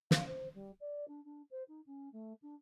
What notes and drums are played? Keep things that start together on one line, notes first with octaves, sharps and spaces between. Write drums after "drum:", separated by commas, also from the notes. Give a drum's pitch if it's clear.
F5, drum: snare
C5
G3
D5
D4
D4
C5
D#4
C#4
A3
D4